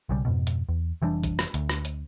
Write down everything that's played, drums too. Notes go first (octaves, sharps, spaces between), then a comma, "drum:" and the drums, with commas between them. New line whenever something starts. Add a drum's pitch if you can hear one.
B1 C#3 G3
F2 G#2 B2
drum: hi-hat
E2
F1 E3 G3 D4
drum: kick, hi-hat
drum: rim click
D2, drum: hi-hat
drum: rim click
drum: hi-hat